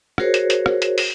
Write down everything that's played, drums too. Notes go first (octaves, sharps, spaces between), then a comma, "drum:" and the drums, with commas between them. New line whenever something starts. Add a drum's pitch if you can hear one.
F#4 G#4 A#4 C5 C#5, drum: rim click
drum: hi-hat
drum: hi-hat
drum: rim click
drum: hi-hat
drum: open hi-hat